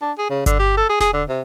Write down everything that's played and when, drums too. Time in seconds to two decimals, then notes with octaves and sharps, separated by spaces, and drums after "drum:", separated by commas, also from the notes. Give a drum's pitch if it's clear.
0.01 D4
0.18 G#4
0.30 C#3
0.46 D3, drum: kick G1, hi-hat
0.59 G4
0.77 A4
0.89 G#4
1.00 G#4, drum: snare E1
1.13 D3
1.29 C3